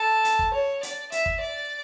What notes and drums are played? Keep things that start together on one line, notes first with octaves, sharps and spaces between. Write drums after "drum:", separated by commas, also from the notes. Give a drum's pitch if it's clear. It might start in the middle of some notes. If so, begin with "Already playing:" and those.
Already playing: A4
drum: hi-hat
drum: kick
C#5
D5, drum: hi-hat
E5, drum: hi-hat
drum: kick
D5